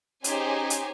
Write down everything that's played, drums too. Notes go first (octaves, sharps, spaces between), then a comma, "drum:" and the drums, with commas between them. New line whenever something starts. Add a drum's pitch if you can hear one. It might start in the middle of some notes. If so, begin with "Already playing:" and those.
C#4 D#4 G4 G#4 C5 G#5, drum: hi-hat
drum: hi-hat